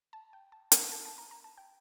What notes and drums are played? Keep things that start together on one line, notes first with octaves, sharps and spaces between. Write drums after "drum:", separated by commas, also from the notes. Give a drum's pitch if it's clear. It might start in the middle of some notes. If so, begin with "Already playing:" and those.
A5
G5
A5
A#5, drum: hi-hat
A5
A5
A#5
A#5
A5
G5